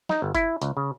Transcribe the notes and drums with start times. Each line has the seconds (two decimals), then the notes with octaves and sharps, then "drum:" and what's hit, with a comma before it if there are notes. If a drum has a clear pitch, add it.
0.09 D#4, drum: snare
0.22 G1
0.35 E4, drum: kick G1, hi-hat
0.62 C#2, drum: hi-hat
0.77 C#3